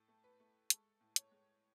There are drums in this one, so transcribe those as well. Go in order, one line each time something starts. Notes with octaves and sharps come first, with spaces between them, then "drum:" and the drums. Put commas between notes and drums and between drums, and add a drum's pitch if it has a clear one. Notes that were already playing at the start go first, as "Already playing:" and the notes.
Already playing: A2 A4
A3
B4
A3
G#3 A4, drum: hi-hat
A2
C#5, drum: hi-hat
G#3